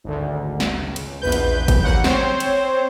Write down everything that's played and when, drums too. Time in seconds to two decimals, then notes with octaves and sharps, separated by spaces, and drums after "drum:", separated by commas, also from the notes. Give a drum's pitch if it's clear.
0.04 G#1 D2
0.60 drum: snare
0.82 C#2
0.96 drum: cymbal
1.22 A#1 E2 B4 G6
1.32 drum: cymbal
1.68 drum: kick, cymbal
1.84 D#2 F#5
2.04 C4 C5 C#5, drum: snare
2.40 drum: cymbal